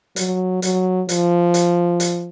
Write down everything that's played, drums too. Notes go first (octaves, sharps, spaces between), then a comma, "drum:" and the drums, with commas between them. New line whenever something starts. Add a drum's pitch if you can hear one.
F#3, drum: hi-hat
F#3, drum: hi-hat
F3, drum: hi-hat
drum: hi-hat
drum: hi-hat